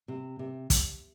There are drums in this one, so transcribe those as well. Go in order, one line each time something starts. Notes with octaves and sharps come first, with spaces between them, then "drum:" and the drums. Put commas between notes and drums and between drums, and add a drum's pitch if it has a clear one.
C3
C3
drum: kick, hi-hat